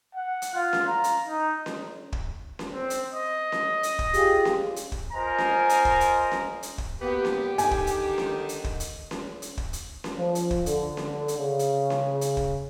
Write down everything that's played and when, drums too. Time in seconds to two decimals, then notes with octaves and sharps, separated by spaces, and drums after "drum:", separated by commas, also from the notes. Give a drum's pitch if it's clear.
0.15 F#5
0.42 drum: hi-hat
0.55 F4
0.73 drum: snare C#4
0.87 A#5
1.04 drum: hi-hat
1.27 D#4
1.66 drum: snare C#4
2.12 drum: kick
2.59 drum: snare C#4
2.73 C4
2.90 drum: hi-hat
3.13 D#5
3.52 drum: snare C#4
3.83 drum: hi-hat
3.99 drum: kick
4.14 F4 G4 G#4, drum: hi-hat
4.45 drum: snare C#4
4.76 drum: hi-hat
4.92 drum: kick
5.13 F4 A#4 C5 D#5 G#5 A#5
5.38 drum: snare C#4
5.69 drum: hi-hat
5.85 drum: kick
6.00 drum: hi-hat
6.32 drum: snare C#4
6.63 drum: hi-hat
6.78 drum: kick
7.01 B2 A#3 B3 G4
7.25 drum: snare C#4
7.58 D3 D#3 G#5, drum: hi-hat
7.71 drum: kick
7.87 drum: hi-hat
8.18 drum: snare C#4
8.49 drum: hi-hat
8.64 drum: kick
8.80 drum: hi-hat
9.11 drum: snare C#4
9.42 drum: hi-hat
9.57 drum: kick
9.73 drum: hi-hat
10.04 drum: snare C#4
10.18 F3
10.35 drum: hi-hat
10.51 drum: kick
10.66 D3, drum: hi-hat
10.97 drum: snare C#4
11.28 drum: hi-hat
11.38 C#3
11.59 drum: hi-hat
11.90 drum: snare C#4
12.21 drum: hi-hat
12.37 drum: kick